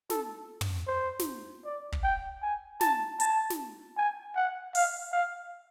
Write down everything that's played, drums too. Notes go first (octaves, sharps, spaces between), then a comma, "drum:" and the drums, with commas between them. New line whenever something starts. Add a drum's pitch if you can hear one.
A4, drum: snare
drum: tom
C5
drum: snare
D5
drum: kick
G5
G#5
A5, drum: snare
A5, drum: hi-hat
drum: snare
G#5
F#5
F5, drum: open hi-hat
F5